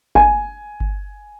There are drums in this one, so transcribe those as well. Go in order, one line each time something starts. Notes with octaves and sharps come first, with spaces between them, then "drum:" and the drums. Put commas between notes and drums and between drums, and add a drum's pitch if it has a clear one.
G#5, drum: kick G1
drum: kick G1